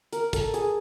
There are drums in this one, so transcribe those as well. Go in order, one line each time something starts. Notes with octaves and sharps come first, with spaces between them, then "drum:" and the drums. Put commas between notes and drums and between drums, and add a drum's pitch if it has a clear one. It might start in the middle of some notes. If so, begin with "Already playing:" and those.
A#4, drum: hi-hat
A4, drum: kick, hi-hat
G#4, drum: hi-hat